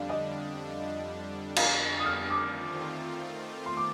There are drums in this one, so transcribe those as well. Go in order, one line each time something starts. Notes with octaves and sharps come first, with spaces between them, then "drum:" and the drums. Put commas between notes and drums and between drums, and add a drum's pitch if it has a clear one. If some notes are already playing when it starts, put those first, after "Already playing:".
Already playing: F2 D3 G3 D4 F5
D#5
F5, drum: cymbal
D#6
F6
D#3 A3 C4 F4 D6
C6
D6